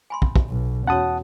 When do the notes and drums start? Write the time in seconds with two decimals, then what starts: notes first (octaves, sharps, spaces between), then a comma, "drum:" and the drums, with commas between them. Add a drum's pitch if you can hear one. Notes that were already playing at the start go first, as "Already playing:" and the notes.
0.10 G#5 B5 C6
0.22 drum: kick
0.36 drum: kick
0.49 B1 B2
0.87 E2 C#4 F#4 C#5 F#5 A5 D#6